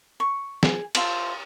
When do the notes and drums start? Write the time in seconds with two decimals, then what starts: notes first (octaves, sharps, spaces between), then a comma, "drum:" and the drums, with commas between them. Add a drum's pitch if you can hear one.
0.20 C#6
0.63 G#4, drum: snare
0.95 F4 C5 E5 A5, drum: cymbal